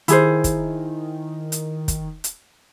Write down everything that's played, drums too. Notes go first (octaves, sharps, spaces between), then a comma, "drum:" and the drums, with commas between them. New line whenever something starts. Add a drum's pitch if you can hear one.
D#3 E4 G#4 C5, drum: hi-hat
drum: kick, hi-hat
drum: hi-hat
drum: kick, hi-hat
drum: hi-hat